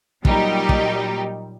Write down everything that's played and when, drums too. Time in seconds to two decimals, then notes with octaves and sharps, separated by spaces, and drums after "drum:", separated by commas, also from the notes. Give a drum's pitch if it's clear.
0.25 A#2 F#3 G3 D#4 G4, drum: kick
0.69 drum: kick